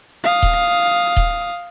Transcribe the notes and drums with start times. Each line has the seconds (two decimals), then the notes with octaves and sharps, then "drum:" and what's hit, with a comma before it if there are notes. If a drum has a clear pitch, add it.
0.24 F5 D#6
0.42 drum: kick D#1
1.17 drum: kick D#1